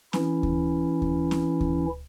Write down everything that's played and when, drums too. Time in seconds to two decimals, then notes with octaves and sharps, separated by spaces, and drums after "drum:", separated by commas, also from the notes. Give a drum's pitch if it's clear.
0.13 E3 C#4 E4, drum: snare C4
0.43 drum: kick D2
1.02 drum: kick D2
1.31 drum: snare C4
1.60 drum: kick D2